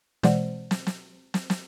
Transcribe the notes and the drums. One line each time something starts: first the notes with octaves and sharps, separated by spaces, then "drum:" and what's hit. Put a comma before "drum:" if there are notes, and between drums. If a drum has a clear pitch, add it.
B2 E3 G#3 C5 D5 F#5, drum: snare
drum: snare
drum: snare
drum: snare
drum: snare